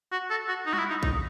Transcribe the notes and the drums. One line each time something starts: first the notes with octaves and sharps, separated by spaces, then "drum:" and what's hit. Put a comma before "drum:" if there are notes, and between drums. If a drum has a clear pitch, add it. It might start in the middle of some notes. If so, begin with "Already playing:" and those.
F#4
A4
F#4
D#4
F#4, drum: tom G3
E4
D#4
D#4, drum: kick A#1